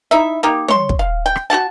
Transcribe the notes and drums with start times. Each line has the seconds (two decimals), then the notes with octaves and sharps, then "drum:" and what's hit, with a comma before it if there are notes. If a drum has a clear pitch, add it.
0.11 D#4 E4 E5
0.43 A#3 D#4 G4
0.68 C#5 C6, drum: tom
0.89 drum: kick
0.99 F5
1.26 G5
1.36 drum: rim click
1.50 F#4 G4 F#5 A5